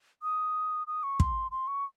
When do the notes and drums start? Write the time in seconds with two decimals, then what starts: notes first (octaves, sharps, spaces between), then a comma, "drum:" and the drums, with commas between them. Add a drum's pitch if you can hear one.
0.23 D#6
0.87 D#6
1.03 C#6
1.20 C6, drum: kick
1.51 C6
1.67 C#6